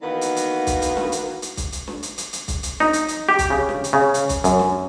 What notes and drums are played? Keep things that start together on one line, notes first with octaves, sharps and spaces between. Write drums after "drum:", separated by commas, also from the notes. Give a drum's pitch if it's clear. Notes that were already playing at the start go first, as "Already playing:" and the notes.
D#3 E3 A#3 B3 F#4 B4
drum: hi-hat
drum: hi-hat
drum: kick B1, hi-hat
drum: hi-hat
drum: snare
drum: hi-hat
drum: hi-hat
drum: kick B1, hi-hat
drum: hi-hat
drum: snare
drum: hi-hat
drum: hi-hat
drum: hi-hat
drum: kick B1, hi-hat
drum: hi-hat
D#4, drum: snare
drum: hi-hat
drum: hi-hat
G4
drum: kick B1, hi-hat
C#3
drum: snare
drum: hi-hat
C#3
drum: hi-hat
drum: kick B1, hi-hat
F#2, drum: hi-hat
drum: snare